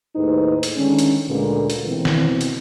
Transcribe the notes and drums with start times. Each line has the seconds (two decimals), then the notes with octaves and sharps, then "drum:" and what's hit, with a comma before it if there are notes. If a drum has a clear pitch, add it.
0.16 D#2 A2 D#4 G#4 B4 C5
0.63 drum: hi-hat
0.76 D3 D#3 G#3 C#4
0.99 drum: hi-hat
1.28 D2 A#2 D3 G#3 A#3 B4
1.70 drum: hi-hat
1.87 B2 E3 C4
2.05 drum: snare
2.41 drum: hi-hat